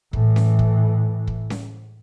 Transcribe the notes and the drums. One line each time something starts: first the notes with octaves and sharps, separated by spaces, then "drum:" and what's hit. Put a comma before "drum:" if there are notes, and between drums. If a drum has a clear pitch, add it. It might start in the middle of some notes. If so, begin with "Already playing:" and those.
A2 E3, drum: kick
drum: snare C#4
drum: kick
drum: kick
drum: snare C#4